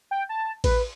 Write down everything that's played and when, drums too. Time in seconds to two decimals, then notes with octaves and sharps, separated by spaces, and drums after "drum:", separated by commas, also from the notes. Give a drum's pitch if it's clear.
0.11 G5
0.29 A5
0.64 B4, drum: kick A1, cymbal